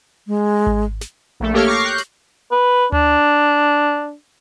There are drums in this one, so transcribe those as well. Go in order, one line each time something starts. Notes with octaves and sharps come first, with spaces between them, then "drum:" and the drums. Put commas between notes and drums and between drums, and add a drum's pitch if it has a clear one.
G#3
drum: kick G#1
drum: snare
A#1 A3
A#3 G4 A4 C#5 F6
C#6 D6 F6 A#6 C7
F#6 G6
drum: snare
B4
D4, drum: tom D2